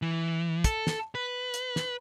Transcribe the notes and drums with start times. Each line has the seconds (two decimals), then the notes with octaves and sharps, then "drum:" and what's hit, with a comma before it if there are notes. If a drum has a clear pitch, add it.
0.02 E3
0.64 A4, drum: kick, hi-hat
0.87 drum: snare
1.15 B4
1.54 drum: hi-hat
1.76 drum: snare